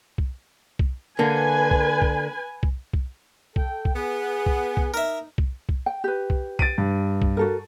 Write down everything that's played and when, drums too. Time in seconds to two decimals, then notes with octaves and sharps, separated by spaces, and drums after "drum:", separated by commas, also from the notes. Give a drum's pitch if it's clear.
0.18 drum: kick B1
0.79 drum: kick B1
1.19 D3 A#3 B4 G#5
1.71 drum: kick B1
2.02 drum: kick B1
2.63 drum: kick B1
2.93 drum: kick B1
3.56 A4 G5, drum: kick B1
3.85 drum: kick B1
3.95 B3 G#4
4.46 drum: kick B1
4.77 drum: kick B1
4.94 D#4 A#4 E5
5.38 drum: kick B1
5.69 drum: kick B1
5.86 G5
6.04 G4 B4
6.30 drum: kick B1
6.59 A6 D7 D#7, drum: kick B1
6.78 G2
7.22 drum: kick B1
7.37 F#4 A4 A#4